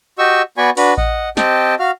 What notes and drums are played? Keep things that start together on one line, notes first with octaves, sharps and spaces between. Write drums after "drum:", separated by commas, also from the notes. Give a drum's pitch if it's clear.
F#4 G4 D#5 C#6 E6
B3 F#4 D5 G#5 B5 C#6
D4 F#4 B4, drum: open hi-hat
D#5 F#5, drum: kick A1
C4 G4 D#5 G5 A5, drum: snare
F#4 F5 F6